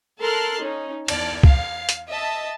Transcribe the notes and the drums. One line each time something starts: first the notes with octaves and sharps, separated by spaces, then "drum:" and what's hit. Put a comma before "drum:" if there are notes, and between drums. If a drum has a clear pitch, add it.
A4 A#4 A5 C6 F6 F#6
C#4 D#4
E2 D5 A5 F6, drum: cymbal
F5, drum: kick
drum: hi-hat
D#5 E5 A5